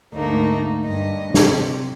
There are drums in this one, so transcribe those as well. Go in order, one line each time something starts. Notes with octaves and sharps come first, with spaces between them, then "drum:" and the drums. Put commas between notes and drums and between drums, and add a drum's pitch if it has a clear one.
D2 G#2 A3 A#3 D#4
G2 D#5
C3, drum: snare